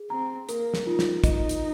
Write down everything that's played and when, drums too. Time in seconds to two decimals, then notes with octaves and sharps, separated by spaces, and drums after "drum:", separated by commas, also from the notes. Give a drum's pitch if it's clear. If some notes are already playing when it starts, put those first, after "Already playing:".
Already playing: G#4
0.10 C4 A#5
0.49 A#3 A#4, drum: hi-hat
0.74 drum: snare
0.86 D#4 F4
0.99 drum: snare
1.24 D#4 D#5, drum: kick, hi-hat
1.49 drum: hi-hat